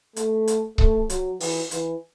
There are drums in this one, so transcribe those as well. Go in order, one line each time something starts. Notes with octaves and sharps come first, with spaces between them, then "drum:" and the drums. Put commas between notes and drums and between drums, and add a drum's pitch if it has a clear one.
A3, drum: hi-hat
drum: hi-hat
A3, drum: kick C#1
F#3, drum: hi-hat
E3, drum: open hi-hat
E3, drum: hi-hat